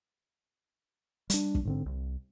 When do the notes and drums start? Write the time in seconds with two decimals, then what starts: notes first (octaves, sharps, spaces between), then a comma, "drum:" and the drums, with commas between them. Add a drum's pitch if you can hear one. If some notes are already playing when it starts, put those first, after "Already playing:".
1.30 G3 D4, drum: hi-hat
1.55 drum: kick
1.65 G#2 D3 C4
1.86 C2